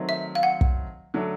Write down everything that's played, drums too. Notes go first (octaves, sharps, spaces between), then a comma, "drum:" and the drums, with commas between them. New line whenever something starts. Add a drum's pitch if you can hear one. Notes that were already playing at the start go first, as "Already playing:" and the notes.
Already playing: D#3 F#3 A3 C4
E5
F5
F#5
drum: kick
D3 F#3 A3